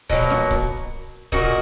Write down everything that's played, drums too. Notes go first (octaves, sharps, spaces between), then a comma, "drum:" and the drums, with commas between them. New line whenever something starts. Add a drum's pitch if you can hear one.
B2 F#3 A#3, drum: kick C#1
drum: snare
drum: kick C#1
A#2 A#3 D#4 F#4, drum: kick C#1